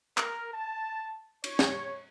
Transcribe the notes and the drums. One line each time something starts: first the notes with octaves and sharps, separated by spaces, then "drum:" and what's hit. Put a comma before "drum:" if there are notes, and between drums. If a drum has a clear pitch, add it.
A#4, drum: clap
A5
C#5, drum: cymbal
drum: snare